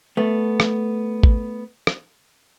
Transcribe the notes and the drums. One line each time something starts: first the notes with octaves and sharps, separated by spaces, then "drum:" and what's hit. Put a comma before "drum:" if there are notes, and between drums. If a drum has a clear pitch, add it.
A3 B3
drum: rim click
drum: kick
drum: rim click